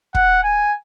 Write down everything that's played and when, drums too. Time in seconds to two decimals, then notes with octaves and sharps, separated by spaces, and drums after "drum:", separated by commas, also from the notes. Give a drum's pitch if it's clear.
0.15 F#5, drum: kick
0.43 G#5